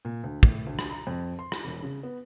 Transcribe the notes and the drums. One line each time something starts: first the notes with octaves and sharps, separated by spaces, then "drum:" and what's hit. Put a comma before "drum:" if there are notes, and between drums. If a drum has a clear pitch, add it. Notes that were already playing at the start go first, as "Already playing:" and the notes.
A#2
D2
A2, drum: kick
D2
drum: rim click
A#5
F2
C6
drum: rim click
E1
C#3
B3